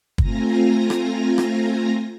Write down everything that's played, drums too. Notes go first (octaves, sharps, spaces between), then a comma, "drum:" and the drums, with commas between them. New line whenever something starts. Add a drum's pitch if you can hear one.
A3 C4 F4 G#5 A#5 A#6, drum: kick
drum: rim click
drum: rim click